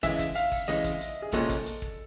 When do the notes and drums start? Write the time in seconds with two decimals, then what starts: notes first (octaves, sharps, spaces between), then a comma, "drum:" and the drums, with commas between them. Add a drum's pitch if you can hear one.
0.03 C#3 E3 G#3 E5, drum: kick, hi-hat
0.19 drum: kick, hi-hat
0.35 F5, drum: hi-hat
0.52 drum: kick, open hi-hat
0.68 C#3 E3 G#3 D#5, drum: open hi-hat
0.84 drum: kick, hi-hat
1.00 drum: hi-hat
1.22 G#4
1.32 C2 A#2 F3 G#3 C#4 A4, drum: kick, hi-hat
1.49 drum: kick, hi-hat
1.66 drum: hi-hat
1.82 drum: kick